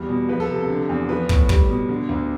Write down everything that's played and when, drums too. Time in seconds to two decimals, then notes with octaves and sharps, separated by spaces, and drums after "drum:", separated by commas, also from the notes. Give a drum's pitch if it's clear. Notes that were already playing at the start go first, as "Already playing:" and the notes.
Already playing: E2 G3
0.09 B2
0.29 F3 B4
0.40 A4
0.49 C3
0.61 A4
0.69 D3
0.89 E2
1.09 F3 B4
1.29 A2, drum: kick
1.49 G3, drum: kick
1.69 B2
1.89 D3
2.09 D2